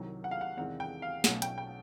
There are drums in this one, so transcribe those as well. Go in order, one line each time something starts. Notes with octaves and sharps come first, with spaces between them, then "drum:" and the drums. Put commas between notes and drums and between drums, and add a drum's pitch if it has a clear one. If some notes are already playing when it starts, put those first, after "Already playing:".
Already playing: C2 C3 D#3 F#3
F#5
F5
F#5
E2 C3 D#3 G#3 C4 F#5
G5
F5
B1 B2 F#3 A3 C#4 F#5, drum: snare
G5, drum: hi-hat
G5